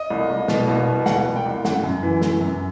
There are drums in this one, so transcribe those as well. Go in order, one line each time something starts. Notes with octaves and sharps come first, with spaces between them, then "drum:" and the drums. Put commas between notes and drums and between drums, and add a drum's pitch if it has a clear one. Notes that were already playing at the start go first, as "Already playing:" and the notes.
Already playing: D#5
C2
C2
B2, drum: snare
C2
B2
C2 F#5, drum: snare
C2
G5
C2
F#2 F#5, drum: snare
F#2
E3
E3, drum: snare
F#2